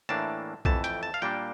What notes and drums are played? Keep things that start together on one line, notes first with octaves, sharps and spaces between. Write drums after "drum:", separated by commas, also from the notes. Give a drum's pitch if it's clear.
A2 E3 A#3 D4 A5
F2 E3 A3 A5, drum: kick
G5, drum: hi-hat
A5
F5
A#2 G3 A#3 D4 G5